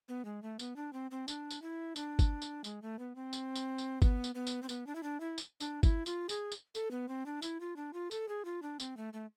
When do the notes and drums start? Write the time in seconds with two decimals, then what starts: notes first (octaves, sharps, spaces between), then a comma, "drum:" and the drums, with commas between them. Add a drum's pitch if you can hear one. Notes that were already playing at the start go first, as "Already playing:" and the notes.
0.08 B3
0.25 G#3
0.42 A3
0.59 B3, drum: tambourine
0.76 D4
0.93 C4
1.11 C4
1.28 D4, drum: tambourine
1.51 drum: tambourine
1.62 E4
1.96 D4, drum: tambourine
2.19 drum: kick G1, tambourine
2.42 drum: tambourine
2.64 G#3, drum: tambourine
2.82 A3
2.99 B3
3.15 C4
3.33 drum: tambourine
3.56 drum: tambourine
3.78 drum: tambourine
4.02 B3, drum: kick G1, tambourine
4.24 drum: tambourine
4.35 B3
4.47 drum: tambourine
4.63 C4
4.69 B3, drum: tambourine
4.87 D4
4.95 E4
5.03 D4
5.20 E4
5.38 drum: tambourine
5.60 D4, drum: tambourine
5.83 E4, drum: kick G1, tambourine
6.06 F4, drum: tambourine
6.29 G#4, drum: tambourine
6.52 drum: tambourine
6.75 A4, drum: tambourine
6.91 B3
7.09 C4
7.26 D4
7.42 E4, drum: tambourine
7.60 F4
7.76 D4
7.93 F4
8.11 A4, drum: tambourine
8.29 G#4
8.45 F4
8.62 D4
8.80 C4, drum: tambourine
8.97 A3
9.13 A3